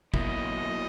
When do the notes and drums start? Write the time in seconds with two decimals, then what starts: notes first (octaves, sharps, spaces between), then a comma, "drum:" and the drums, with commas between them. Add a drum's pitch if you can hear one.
0.14 B2 F#3 A#3 E4 D#5, drum: kick